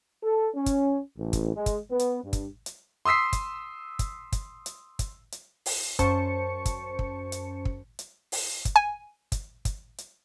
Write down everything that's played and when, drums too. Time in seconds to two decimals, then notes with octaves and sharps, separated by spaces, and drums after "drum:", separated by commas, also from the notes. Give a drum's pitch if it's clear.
0.23 A4
0.55 C#4
0.66 drum: kick, hi-hat
1.18 A1
1.33 drum: kick, hi-hat
1.54 G#3
1.66 drum: kick, hi-hat
1.90 B3
1.99 drum: hi-hat
2.23 G2
2.33 drum: kick, hi-hat
2.66 drum: hi-hat
3.05 C6 D#6 E6 B6 C7
3.33 drum: kick, hi-hat
3.99 drum: kick, hi-hat
4.32 drum: kick, hi-hat
4.66 drum: hi-hat
4.99 drum: kick, hi-hat
5.32 drum: hi-hat
5.66 drum: open hi-hat
5.99 F#2 C#4 C5 A5 C#6 C#7, drum: kick, hi-hat
6.66 drum: kick, hi-hat
6.99 drum: kick
7.32 drum: hi-hat
7.65 drum: kick
7.99 drum: hi-hat
8.32 drum: open hi-hat
8.65 drum: kick, hi-hat
8.76 G#5
9.32 drum: kick, hi-hat
9.65 drum: kick, hi-hat
9.98 drum: hi-hat